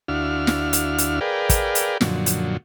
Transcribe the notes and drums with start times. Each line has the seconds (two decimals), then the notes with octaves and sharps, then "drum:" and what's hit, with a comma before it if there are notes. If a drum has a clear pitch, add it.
0.08 D2 D4 E4 F#4 F5 F6
0.47 drum: snare
0.73 drum: hi-hat
0.98 drum: hi-hat
1.21 G#4 A#4 B4 D5 F5 G5
1.49 drum: kick, hi-hat
1.75 drum: hi-hat
2.01 F#2 A#2 D3 F3 F#3, drum: snare
2.26 drum: hi-hat